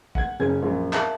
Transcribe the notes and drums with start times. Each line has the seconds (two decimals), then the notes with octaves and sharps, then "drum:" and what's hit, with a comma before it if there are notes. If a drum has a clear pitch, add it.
0.15 F#5 G#6, drum: kick
0.40 F#1 C#4 G#6
0.62 A#1 F#2
0.93 A#4 E5 F5 A5, drum: clap